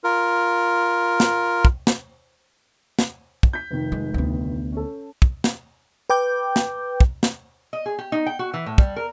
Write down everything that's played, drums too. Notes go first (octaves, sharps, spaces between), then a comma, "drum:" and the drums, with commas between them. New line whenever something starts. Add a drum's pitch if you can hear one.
F4 A#4
drum: snare
drum: kick
drum: snare
drum: snare
drum: kick
G6 B6
F1 D#3
G#3
D2 B3
C#4 A4
drum: kick
drum: snare
B4 G5 D6 G6
drum: snare
drum: kick
drum: snare
D#5
G#4
G4
D#4
G5
F#4
E3
A2
G3, drum: kick
A#4